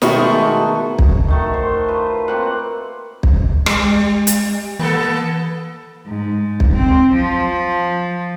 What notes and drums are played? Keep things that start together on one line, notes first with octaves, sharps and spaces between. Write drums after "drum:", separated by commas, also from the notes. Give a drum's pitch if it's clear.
B2 D#3 G#3 A3 F#4, drum: snare
drum: kick
D#3 A3 F#4
C5
F4 B4
A#3 C4 F#5
drum: kick
G3 G#3, drum: rim click
drum: hi-hat
E3 A#3 B3 A4
G#2
drum: kick
C4
F3